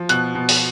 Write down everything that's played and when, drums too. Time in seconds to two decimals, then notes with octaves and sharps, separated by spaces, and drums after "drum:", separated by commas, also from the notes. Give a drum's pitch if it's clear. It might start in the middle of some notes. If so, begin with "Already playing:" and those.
Already playing: F3
0.09 B2 F#6, drum: hi-hat
0.35 B2
0.49 drum: open hi-hat